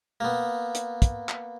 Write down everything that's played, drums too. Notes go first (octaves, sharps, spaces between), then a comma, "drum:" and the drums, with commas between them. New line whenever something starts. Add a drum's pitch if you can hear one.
A#3 B3
drum: hi-hat
drum: kick, hi-hat
drum: clap